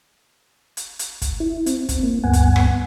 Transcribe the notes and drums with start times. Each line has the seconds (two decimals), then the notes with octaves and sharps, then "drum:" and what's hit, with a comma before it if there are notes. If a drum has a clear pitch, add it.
0.77 drum: hi-hat
0.99 drum: hi-hat
1.22 drum: kick, hi-hat
1.40 E4
1.66 C4, drum: hi-hat
1.89 drum: kick, hi-hat
2.03 A#3
2.24 D2 G2 B3 F#5 G#5
2.33 drum: kick, hi-hat
2.56 drum: rim click